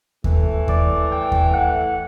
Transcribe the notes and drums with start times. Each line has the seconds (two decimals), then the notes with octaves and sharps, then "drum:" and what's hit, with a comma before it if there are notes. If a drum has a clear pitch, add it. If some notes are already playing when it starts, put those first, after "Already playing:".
0.24 A2 E3 A3, drum: kick D#2
0.68 D5, drum: kick D#2
1.10 G5
1.32 drum: kick D#2
1.53 F#5